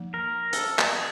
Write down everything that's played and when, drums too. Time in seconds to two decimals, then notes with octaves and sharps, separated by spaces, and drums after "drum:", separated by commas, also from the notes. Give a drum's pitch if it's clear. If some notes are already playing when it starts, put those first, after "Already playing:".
Already playing: F3 A#3 D#4
0.14 A#4
0.53 A4, drum: hi-hat
0.79 G#4, drum: clap